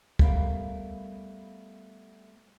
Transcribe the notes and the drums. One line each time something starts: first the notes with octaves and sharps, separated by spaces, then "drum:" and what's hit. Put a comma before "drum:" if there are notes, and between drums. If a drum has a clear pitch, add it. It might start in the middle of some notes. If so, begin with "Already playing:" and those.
G3 A3 B3 A#4 F5, drum: kick